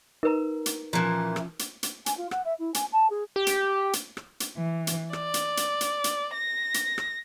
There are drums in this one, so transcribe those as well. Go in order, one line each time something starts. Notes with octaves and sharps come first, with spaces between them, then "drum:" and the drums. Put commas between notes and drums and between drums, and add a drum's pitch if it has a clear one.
D#4 A#4 B4 A#5
drum: hi-hat
A#2 E3 F3 C#4
drum: rim click
drum: hi-hat
drum: hi-hat
G#5, drum: hi-hat
F4
F#5, drum: rim click
E5
E4
G#5, drum: hi-hat
A5
G#4
G4
drum: hi-hat
drum: hi-hat
drum: rim click
drum: hi-hat
E3
drum: hi-hat
D5, drum: rim click
drum: hi-hat
drum: hi-hat
drum: hi-hat
drum: hi-hat
A#6
drum: hi-hat
drum: rim click